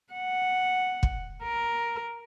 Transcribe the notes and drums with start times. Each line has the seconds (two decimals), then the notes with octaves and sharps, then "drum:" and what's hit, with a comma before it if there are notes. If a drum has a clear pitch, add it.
0.13 F#5
1.03 drum: kick
1.44 A#4